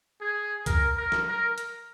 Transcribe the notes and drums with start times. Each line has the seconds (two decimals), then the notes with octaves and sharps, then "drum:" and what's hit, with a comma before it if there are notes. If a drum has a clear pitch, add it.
0.21 G#4
0.66 A#4, drum: kick C#2, hi-hat
0.97 A#4
1.12 drum: snare
1.28 A#4
1.58 drum: hi-hat